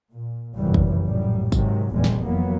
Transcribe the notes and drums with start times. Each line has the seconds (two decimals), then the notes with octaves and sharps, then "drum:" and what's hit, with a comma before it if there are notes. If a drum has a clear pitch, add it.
0.12 A#2
0.56 F1 B1 F#2 C#3 E3 G3
0.74 drum: kick
1.05 A#1 F#2 A2 G3
1.52 G#2 C3 D#3 F#3, drum: kick, tambourine
1.93 F1 A#1 E2 A#2 G3 G#3
2.04 drum: snare
2.22 F2 E3 F#3 A#3 B3